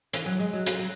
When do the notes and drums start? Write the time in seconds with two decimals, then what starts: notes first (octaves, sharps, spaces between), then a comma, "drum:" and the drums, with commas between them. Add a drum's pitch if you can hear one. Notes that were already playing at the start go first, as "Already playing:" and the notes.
0.13 E3, drum: hi-hat
0.26 F#3
0.40 G#3
0.53 F#3
0.66 F#3, drum: hi-hat
0.79 F#3